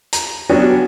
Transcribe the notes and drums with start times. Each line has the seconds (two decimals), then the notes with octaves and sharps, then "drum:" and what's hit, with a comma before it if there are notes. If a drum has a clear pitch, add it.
0.13 A#5, drum: hi-hat
0.49 F#3 B3 C#4 D4 F#4 G4